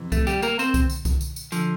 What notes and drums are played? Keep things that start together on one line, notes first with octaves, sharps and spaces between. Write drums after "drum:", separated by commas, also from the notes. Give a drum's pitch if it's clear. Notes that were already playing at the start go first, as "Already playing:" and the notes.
Already playing: F2 C3 E3
A3, drum: kick C2, tambourine
G3 G4, drum: tambourine
A#3 A#4, drum: tambourine
C4 C5, drum: tambourine
drum: kick C2, tambourine
drum: tambourine
drum: kick C2, tambourine
drum: tambourine
drum: tambourine
D3 F3, drum: tambourine